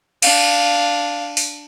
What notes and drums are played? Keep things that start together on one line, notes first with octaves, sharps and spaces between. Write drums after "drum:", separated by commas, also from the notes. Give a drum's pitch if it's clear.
D4 F5, drum: cymbal
drum: open hi-hat